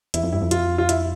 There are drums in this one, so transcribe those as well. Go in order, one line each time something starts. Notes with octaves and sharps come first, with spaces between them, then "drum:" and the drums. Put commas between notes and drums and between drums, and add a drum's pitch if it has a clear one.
E2 E4, drum: hi-hat
F2
G2 E4
F2
F4, drum: hi-hat
F4
E4, drum: hi-hat